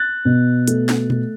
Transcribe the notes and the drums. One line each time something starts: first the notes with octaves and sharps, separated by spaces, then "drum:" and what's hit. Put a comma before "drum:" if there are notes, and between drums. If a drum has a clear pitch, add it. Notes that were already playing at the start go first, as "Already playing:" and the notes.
Already playing: F#6 A6
B2
A3, drum: hi-hat
drum: snare
A3, drum: tom A#2